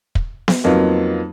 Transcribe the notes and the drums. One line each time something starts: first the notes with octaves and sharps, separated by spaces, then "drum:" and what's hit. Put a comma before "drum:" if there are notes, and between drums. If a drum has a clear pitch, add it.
drum: kick
drum: snare B3
F2 F#3 A#3 B3 D#4 F4